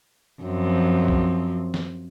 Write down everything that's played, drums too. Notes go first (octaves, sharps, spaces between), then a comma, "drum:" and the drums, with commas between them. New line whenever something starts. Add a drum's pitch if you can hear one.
F#2 F3 C4
drum: kick B1
drum: snare